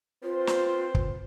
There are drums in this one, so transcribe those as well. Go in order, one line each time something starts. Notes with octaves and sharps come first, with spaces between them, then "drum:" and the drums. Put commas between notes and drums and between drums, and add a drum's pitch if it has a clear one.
C4 F4 B4 C5
drum: snare
drum: kick